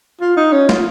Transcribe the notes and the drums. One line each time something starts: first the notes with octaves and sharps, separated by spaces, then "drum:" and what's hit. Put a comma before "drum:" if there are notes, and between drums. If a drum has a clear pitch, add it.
F4
D#4
C#4
F4, drum: snare